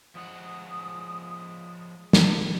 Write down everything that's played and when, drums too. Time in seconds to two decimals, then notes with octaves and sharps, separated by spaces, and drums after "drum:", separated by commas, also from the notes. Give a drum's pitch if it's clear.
0.15 F3 G#3 F#5 D#6
2.13 drum: snare